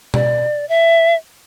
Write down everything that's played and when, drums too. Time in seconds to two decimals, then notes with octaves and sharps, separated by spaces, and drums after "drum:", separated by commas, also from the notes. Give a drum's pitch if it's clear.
0.14 D5, drum: tom B2
0.69 E5